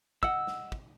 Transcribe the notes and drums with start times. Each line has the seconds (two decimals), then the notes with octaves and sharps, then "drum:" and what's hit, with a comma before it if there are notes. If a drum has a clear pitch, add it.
0.23 D#5 F#5 E6, drum: kick
0.47 drum: snare
0.72 drum: kick